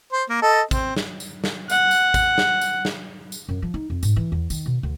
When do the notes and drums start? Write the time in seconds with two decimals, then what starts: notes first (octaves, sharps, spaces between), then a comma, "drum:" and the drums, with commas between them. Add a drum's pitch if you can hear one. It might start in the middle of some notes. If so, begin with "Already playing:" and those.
0.13 C5
0.30 A#3
0.42 A4 D#5
0.71 C4, drum: kick, tambourine
0.96 drum: snare
1.20 drum: tambourine
1.44 drum: snare
1.70 F#5, drum: tambourine
1.91 drum: tambourine
2.14 drum: kick, tambourine
2.38 drum: snare
2.61 drum: tambourine
2.85 drum: snare
3.32 drum: tambourine
3.49 F#2
3.62 F3
3.74 D#4
3.90 F2
4.03 G#2, drum: tambourine
4.16 E3
4.32 E2
4.50 D#3, drum: tambourine
4.66 B2
4.83 D2